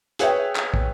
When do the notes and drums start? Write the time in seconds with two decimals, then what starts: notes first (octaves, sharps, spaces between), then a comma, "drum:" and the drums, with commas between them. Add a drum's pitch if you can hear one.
0.19 G#4 B4 C#5 E5 G5, drum: hi-hat
0.56 drum: clap
0.74 drum: kick